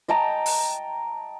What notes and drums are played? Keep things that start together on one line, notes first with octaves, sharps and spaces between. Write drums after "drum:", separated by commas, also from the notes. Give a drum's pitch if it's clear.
D#5 G5 A5 A#5
drum: open hi-hat